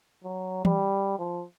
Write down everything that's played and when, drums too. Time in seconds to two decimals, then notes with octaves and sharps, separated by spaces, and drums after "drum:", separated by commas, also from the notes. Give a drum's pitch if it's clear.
0.24 F#3
0.65 G3, drum: tom E3
1.19 F3